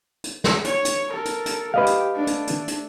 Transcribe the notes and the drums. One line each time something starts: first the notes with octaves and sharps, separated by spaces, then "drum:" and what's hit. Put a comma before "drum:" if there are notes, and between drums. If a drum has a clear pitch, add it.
drum: hi-hat
drum: snare
C#5, drum: hi-hat
drum: hi-hat
A4 A#4
drum: hi-hat
drum: hi-hat
G4 B4 D#5 F5
drum: hi-hat
A3 D4
drum: hi-hat
drum: hi-hat
drum: hi-hat